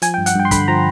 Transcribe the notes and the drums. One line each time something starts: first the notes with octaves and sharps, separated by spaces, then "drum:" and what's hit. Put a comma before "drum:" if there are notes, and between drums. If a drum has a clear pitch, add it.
F3 G#5, drum: hi-hat
G5
G2
F#5, drum: hi-hat
G2 G5
C6
D3 B5, drum: kick, hi-hat
F3 A#5